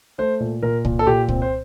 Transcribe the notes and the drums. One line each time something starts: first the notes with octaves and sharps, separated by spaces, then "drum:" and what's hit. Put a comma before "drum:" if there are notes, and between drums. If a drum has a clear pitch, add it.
A3 C5
A#2
A#2 A#4
A#2, drum: kick
A4
A#2 G4
C4, drum: kick
C5